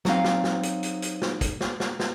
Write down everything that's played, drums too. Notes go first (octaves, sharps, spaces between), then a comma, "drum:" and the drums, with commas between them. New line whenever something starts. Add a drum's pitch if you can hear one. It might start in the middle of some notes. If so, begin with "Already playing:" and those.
F#3 C4 D#4 F5, drum: snare
drum: snare
drum: snare
drum: hi-hat
drum: hi-hat
drum: hi-hat
drum: snare
drum: kick, hi-hat
drum: snare
drum: snare
drum: snare